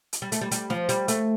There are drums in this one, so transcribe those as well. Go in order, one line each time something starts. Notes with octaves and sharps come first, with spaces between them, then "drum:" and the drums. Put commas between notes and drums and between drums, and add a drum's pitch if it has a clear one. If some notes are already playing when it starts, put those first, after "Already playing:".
drum: hi-hat
G3
A3, drum: hi-hat
G3
G3, drum: hi-hat
F3, drum: snare
G3, drum: hi-hat
A3, drum: hi-hat